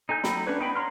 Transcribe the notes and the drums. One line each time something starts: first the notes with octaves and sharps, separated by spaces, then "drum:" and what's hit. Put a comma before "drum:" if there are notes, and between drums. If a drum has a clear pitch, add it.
D#4 A4 G#5 G6
F#3 D#4 A4 G5 B5, drum: snare
A3 C#4 D4 B4 C#5
B3 D#4 G5 B5
C#5 F#5 A#5 C6 F6